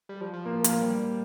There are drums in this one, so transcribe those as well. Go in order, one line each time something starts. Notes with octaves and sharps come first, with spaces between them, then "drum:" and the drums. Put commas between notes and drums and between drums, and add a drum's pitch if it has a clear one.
G3
F3
F3
A#3
A#3, drum: hi-hat
G3